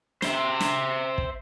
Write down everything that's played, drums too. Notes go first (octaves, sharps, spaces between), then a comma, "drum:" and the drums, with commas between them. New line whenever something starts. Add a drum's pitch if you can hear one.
C5 E5, drum: snare
drum: snare
drum: kick